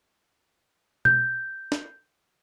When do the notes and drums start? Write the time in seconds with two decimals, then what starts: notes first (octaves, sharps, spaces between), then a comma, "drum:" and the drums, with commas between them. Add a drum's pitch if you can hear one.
1.05 G6, drum: tom B2
1.72 drum: snare